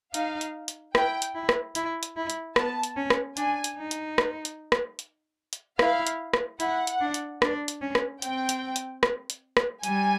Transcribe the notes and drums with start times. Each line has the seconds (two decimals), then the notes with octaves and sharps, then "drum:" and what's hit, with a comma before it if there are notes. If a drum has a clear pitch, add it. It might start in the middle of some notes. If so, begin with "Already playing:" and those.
0.14 D#4 F5, drum: hi-hat
0.41 drum: hi-hat
0.68 drum: hi-hat
0.95 E4 G5, drum: rim click
1.22 drum: hi-hat
1.35 E4
1.49 drum: rim click
1.75 E4, drum: hi-hat
2.03 drum: hi-hat
2.16 E4
2.30 drum: hi-hat
2.56 B3 A5, drum: rim click
2.83 drum: hi-hat
2.97 C#4
3.10 drum: rim click
3.37 D4 G#5, drum: hi-hat
3.64 drum: hi-hat
3.77 D#4
3.91 drum: hi-hat
4.18 drum: rim click
4.45 drum: hi-hat
4.72 drum: rim click
4.99 drum: hi-hat
5.53 drum: hi-hat
5.79 E4 F5, drum: rim click
6.07 drum: hi-hat
6.33 drum: rim click
6.60 E4 F#5, drum: hi-hat
6.87 drum: hi-hat
7.00 D4
7.14 drum: hi-hat
7.42 D4, drum: rim click
7.68 drum: hi-hat
7.81 C#4
7.95 drum: rim click
8.22 C4 G5, drum: hi-hat
8.49 drum: hi-hat
8.76 drum: hi-hat
9.03 drum: rim click
9.30 drum: hi-hat
9.57 drum: rim click
9.83 G3 G#5, drum: hi-hat